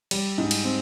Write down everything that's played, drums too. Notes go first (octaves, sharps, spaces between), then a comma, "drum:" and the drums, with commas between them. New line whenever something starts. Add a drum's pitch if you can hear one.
G3, drum: cymbal
G#2
drum: cymbal
C4